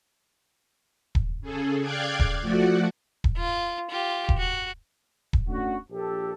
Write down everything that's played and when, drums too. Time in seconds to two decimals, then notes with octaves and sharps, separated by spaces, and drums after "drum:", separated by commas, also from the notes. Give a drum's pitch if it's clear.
1.15 drum: kick D#1
1.41 C#3 G#4 A4
1.80 D5 F5 G5 D6 F#6 G#6
2.19 drum: kick D#1
2.41 F3 A3 F#4 D5 F#5
3.24 drum: kick D#1
3.37 F4
3.91 F4 G4
4.29 drum: kick D#1
4.38 F#4
5.33 drum: kick D#1
5.48 A3 C#4 D4 F#4
5.90 A#1 G4 A4